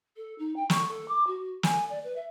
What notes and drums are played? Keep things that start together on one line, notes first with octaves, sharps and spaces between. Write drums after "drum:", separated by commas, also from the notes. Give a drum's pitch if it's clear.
A4
D#4
G5
C#6, drum: snare
A4
D6
F#4
G#5, drum: snare
D5
B4
E5